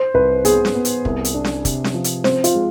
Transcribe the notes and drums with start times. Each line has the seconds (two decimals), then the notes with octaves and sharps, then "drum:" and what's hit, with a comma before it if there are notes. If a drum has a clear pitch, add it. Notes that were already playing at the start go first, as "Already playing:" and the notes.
Already playing: C5
0.14 C2 B4
0.45 B3 G#4, drum: hi-hat
0.65 drum: snare C#4
0.75 B3
0.85 drum: hi-hat
1.05 C2, drum: kick
1.25 drum: hi-hat
1.34 D4
1.44 drum: snare C#4
1.65 C3, drum: kick, hi-hat
1.84 drum: snare C#4
1.94 F3
2.04 drum: hi-hat
2.24 C4 C5, drum: snare C#4
2.44 F4, drum: hi-hat
2.55 G#3